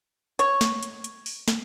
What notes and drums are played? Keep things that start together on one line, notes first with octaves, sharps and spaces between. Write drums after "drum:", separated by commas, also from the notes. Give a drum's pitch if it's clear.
C#5, drum: hi-hat
drum: snare
drum: hi-hat
drum: hi-hat
drum: open hi-hat
drum: snare